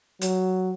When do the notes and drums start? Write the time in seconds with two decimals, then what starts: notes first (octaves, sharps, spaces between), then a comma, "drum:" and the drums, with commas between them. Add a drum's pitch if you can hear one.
0.21 F#3, drum: hi-hat